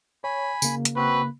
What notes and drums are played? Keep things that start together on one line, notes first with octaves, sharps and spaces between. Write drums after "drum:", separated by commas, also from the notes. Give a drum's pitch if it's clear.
C#5 G#5 B5
C#3 A#3, drum: tambourine
drum: hi-hat
C4 F#4 B4